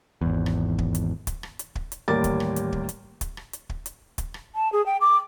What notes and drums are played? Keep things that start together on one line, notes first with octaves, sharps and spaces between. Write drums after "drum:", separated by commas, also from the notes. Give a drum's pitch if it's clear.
G#1 E2
drum: rim click
drum: kick
drum: hi-hat
drum: kick, hi-hat
drum: rim click
drum: hi-hat
drum: kick
drum: hi-hat
A1 D#2 G3 A#4 D6 A6
drum: kick, hi-hat
drum: rim click
drum: hi-hat
drum: kick
drum: hi-hat
drum: kick, hi-hat
drum: rim click
drum: hi-hat
drum: kick
drum: hi-hat
drum: kick, hi-hat
drum: rim click
A5
G#4
G5
D6